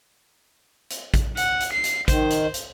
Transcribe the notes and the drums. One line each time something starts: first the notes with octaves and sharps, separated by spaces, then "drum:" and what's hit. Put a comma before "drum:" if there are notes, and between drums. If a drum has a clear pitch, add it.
drum: hi-hat
drum: kick, hi-hat
F#5, drum: hi-hat
drum: hi-hat
C7
drum: hi-hat
D#3 C5, drum: kick, hi-hat
drum: hi-hat
drum: hi-hat